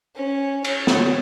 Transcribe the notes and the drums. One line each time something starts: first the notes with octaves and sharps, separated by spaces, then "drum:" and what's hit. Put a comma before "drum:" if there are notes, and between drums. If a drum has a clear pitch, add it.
C#4
C#5, drum: cymbal
drum: snare